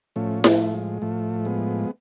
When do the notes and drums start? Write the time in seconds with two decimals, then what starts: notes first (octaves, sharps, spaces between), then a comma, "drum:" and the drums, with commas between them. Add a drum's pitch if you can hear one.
0.16 A2 F3 A3 C#4
0.44 A3, drum: snare E4
0.73 G#3
1.02 A2 F3 A3
1.45 G#3 B3